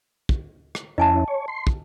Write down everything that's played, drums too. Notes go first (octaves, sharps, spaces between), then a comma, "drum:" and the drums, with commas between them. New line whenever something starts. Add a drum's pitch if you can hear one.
drum: kick
drum: rim click
F2 C#4 E4 D#5 G#5 A5
C#5
C6
drum: kick